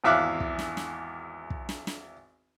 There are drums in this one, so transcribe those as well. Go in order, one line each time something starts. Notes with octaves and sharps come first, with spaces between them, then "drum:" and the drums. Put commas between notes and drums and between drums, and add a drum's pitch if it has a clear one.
G#1 E2 E5 F5 D6 F#6
drum: kick
drum: snare
drum: snare
drum: kick
drum: snare
drum: snare